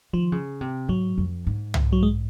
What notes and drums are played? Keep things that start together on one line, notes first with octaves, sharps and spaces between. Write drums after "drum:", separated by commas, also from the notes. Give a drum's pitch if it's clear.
D#3 F3
C#3
C3
G#2 F#3
F2
G#2
drum: tom
F#3
G#3